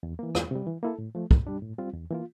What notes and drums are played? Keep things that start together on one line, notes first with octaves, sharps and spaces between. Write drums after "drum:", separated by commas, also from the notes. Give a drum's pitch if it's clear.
E2
E3 A#3
E2, drum: rim click
C3 G3
E3
A#3 E4 A4
A2
F3 A3
A2, drum: kick
G3 D4
A2
G3 C4 F4
E2
E3 A#3 F4